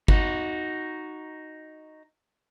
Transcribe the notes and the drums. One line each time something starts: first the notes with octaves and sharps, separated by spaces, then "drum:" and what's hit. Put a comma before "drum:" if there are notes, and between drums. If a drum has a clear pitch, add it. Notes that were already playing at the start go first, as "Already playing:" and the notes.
D#4 F#4, drum: kick